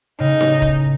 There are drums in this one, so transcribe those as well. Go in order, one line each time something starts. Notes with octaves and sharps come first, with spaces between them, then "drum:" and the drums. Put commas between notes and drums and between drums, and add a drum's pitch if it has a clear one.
A2 C#3 D#4
drum: snare D#4
drum: kick